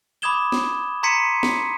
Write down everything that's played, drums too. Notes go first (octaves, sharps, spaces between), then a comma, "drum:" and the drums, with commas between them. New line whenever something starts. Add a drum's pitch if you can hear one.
B5 D6 D#6 G#6 E7 G7
drum: snare
A#5 C6 G#6 B6 C#7 D#7
drum: snare